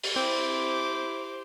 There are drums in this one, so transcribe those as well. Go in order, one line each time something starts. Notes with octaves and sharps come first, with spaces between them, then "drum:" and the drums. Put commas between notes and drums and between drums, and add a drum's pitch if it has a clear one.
drum: open hi-hat
C4 E4 G4 C5 D6 G6